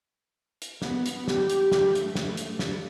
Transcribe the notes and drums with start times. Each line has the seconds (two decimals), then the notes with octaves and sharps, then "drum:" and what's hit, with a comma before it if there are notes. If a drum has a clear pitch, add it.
0.62 drum: hi-hat
0.82 B3, drum: snare
1.06 drum: hi-hat
1.28 G4, drum: snare
1.50 drum: hi-hat
1.72 drum: snare
1.95 A3, drum: hi-hat
2.15 drum: snare
2.37 drum: hi-hat
2.59 drum: snare